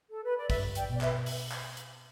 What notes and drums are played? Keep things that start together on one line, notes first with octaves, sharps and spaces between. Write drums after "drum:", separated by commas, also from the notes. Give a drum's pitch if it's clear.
A4
B4
D5
G2 B4 E5, drum: kick, open hi-hat
D5 G5, drum: hi-hat
B2
D5
B4 E5, drum: clap
drum: open hi-hat
drum: clap
drum: hi-hat